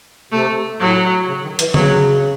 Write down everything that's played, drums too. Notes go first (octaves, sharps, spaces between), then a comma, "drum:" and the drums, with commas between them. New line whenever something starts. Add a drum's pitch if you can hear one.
C3 A3
A2 F#3
C#3
D#3
E3, drum: hi-hat
C#3 F#3, drum: tom D3